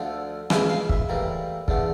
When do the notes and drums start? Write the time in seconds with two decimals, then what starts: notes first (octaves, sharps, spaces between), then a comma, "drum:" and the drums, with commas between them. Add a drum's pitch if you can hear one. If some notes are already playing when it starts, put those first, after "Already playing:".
Already playing: D2 D3 F3 A3
0.50 C#2 C#3 E3 E5, drum: rim click
0.69 F5
0.89 E5, drum: kick
1.09 A2 E3 G3 A#3
1.68 E2 D3 A3, drum: kick